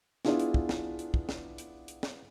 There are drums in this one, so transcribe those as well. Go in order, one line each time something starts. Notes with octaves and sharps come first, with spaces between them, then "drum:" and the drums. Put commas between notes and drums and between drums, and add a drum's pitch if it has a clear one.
B3 D4 E4 F4 G#4, drum: snare
drum: hi-hat
drum: kick
drum: snare
drum: hi-hat
drum: kick
drum: snare
drum: hi-hat
drum: hi-hat
drum: snare